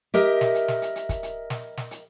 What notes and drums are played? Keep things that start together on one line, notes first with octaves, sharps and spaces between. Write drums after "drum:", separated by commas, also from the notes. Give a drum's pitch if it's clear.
G4 A#4 D#5 E5, drum: hi-hat
drum: snare
drum: hi-hat
drum: snare
drum: hi-hat
drum: hi-hat
drum: kick, hi-hat
drum: hi-hat
drum: snare
drum: snare
drum: hi-hat